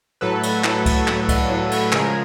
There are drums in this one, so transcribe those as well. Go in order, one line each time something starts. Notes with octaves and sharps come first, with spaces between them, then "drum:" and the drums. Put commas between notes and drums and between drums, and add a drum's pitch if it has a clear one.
A2 F#3 A4 B4
drum: cymbal
A2 F#3 A4 B4, drum: clap
drum: kick C#2, cymbal
A2 F#3, drum: clap
drum: kick C#2, cymbal
A2 F#3
drum: cymbal
C#3 F3 G#3 G#4 A#4, drum: clap